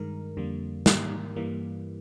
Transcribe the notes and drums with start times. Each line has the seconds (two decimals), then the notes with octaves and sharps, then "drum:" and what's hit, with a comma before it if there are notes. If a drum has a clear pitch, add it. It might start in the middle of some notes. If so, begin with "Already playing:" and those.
Already playing: G2 D#3 G#3 A#4
0.37 F2 D3 G3 A#3
0.86 G#2 D#3 G3 A#3 A#4, drum: snare
1.36 G2 E3 G3 A#3